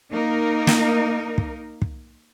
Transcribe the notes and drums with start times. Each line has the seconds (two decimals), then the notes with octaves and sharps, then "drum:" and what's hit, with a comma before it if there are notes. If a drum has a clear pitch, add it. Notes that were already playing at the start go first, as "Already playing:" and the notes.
0.11 A#3 D#4 A#4
0.67 drum: snare
1.38 drum: kick
1.82 drum: kick